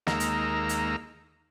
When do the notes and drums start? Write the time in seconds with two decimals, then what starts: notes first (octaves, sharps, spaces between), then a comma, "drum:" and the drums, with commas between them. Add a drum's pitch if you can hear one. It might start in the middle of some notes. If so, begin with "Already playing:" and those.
0.07 D#2 G#3 A#3 D#4 A#5 E6, drum: snare
0.20 drum: hi-hat
0.69 drum: hi-hat